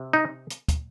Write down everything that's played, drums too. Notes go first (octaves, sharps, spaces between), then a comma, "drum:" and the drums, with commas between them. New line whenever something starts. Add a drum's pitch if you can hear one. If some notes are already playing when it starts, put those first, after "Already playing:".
Already playing: C3
D#4
drum: hi-hat
drum: kick, hi-hat